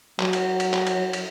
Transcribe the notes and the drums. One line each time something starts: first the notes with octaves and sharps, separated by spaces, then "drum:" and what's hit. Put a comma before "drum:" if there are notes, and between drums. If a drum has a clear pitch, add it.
F#3, drum: clap
drum: cymbal
drum: cymbal
drum: clap
drum: cymbal
drum: cymbal